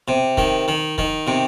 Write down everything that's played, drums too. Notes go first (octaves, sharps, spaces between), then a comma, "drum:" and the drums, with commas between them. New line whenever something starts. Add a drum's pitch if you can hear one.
C3
D#3, drum: kick
D#3
D#3, drum: kick
C3